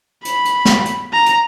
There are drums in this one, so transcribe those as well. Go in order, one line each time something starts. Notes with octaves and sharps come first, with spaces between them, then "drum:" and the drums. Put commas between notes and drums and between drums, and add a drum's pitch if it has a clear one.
B5, drum: hi-hat
drum: hi-hat
drum: snare
drum: hi-hat
A#5
drum: hi-hat